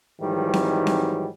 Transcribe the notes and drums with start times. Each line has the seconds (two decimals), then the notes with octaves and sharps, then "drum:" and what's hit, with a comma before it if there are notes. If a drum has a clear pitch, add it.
0.20 G#2 D#3 E3 F#3 G3
0.54 drum: snare C4
0.87 drum: snare C4